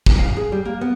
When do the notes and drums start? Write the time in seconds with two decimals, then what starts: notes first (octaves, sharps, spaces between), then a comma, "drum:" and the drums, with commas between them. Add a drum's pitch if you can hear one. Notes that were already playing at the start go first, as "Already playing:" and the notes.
0.06 A#2, drum: kick
0.19 F5
0.37 G#4
0.52 G3
0.65 A#3
0.81 B3